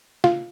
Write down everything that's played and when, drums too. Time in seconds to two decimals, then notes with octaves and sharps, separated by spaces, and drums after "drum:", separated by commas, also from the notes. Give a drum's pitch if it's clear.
0.24 F4, drum: snare